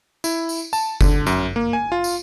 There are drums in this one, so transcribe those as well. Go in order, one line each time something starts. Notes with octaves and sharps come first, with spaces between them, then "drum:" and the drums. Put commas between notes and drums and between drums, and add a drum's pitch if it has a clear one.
E4, drum: tambourine
drum: tambourine
A5, drum: tambourine
D3, drum: kick F#1, tambourine
F#2, drum: tambourine
A#3
G#5
F4
drum: tambourine